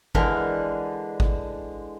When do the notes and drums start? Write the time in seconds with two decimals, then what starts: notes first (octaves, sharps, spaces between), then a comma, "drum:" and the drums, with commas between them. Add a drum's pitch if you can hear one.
0.15 D3 E3 G#3 A#4, drum: kick G#1
1.20 drum: kick G#1